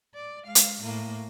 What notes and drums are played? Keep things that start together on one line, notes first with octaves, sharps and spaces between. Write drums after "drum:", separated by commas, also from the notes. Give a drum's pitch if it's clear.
D5
G#3 F5
drum: hi-hat
A2 A#3